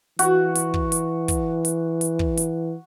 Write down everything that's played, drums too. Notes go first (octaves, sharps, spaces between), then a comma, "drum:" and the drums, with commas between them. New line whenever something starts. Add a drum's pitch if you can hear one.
E3 F#4, drum: hi-hat
drum: hi-hat
drum: kick
drum: hi-hat
drum: kick, hi-hat
drum: hi-hat
drum: hi-hat
drum: kick
drum: hi-hat